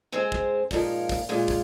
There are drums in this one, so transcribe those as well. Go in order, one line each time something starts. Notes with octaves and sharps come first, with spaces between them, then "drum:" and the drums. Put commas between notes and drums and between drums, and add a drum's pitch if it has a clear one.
G#3 C4 G#4 C5
drum: kick
A#2 F3 G#3 D#4 A#4, drum: kick, open hi-hat
drum: kick, open hi-hat
A#2 G#3 F4
drum: kick, open hi-hat